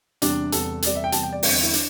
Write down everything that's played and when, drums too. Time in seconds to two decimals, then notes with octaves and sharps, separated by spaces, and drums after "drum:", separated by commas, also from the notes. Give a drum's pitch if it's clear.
0.22 E2 C3 G3 D4, drum: hi-hat
0.52 E2 C3 G3 A4, drum: hi-hat
0.82 E2 C3 G3 D5, drum: hi-hat
0.95 E5
1.04 G5
1.12 E2 C3 G3 A5, drum: hi-hat
1.23 G5
1.33 D5
1.43 E2 D3 G3 C4, drum: open hi-hat
1.62 E4
1.73 D4, drum: hi-hat